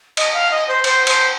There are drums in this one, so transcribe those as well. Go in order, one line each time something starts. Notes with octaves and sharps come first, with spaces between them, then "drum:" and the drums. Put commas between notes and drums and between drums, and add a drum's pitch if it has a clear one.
D#5, drum: cymbal
F5
D#5
C5
C5, drum: cymbal
C5, drum: cymbal